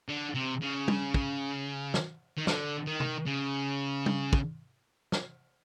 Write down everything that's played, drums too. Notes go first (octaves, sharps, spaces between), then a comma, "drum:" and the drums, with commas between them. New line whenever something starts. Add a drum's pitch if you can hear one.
D3
C3
C#3
drum: tom
drum: kick
drum: snare
D#3
D3, drum: snare
D#3
drum: tom C3
C#3
drum: tom
drum: kick
drum: snare